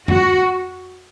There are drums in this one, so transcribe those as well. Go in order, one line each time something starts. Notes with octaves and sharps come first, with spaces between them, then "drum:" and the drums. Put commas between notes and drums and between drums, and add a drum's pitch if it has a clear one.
F#4, drum: tom F2